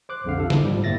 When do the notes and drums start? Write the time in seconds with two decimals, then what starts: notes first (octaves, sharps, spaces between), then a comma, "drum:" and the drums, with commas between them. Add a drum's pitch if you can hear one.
0.09 C5 D6 F#6
0.24 B1 F2 D3 F5
0.37 C3 F3 A4
0.50 E4, drum: snare
0.63 G#2 F3 G3
0.84 G1 A2 A#3 E5 A6 A#6